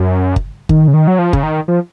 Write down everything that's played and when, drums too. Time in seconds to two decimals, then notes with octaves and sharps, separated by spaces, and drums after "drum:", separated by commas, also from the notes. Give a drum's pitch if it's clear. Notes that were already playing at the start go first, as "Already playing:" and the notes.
Already playing: F#2
0.36 drum: kick G1
0.69 D#3, drum: kick G1
0.88 C#3
0.94 D#3
1.08 F#3
1.19 F3
1.33 C#3, drum: kick G1
1.43 D#3
1.68 F3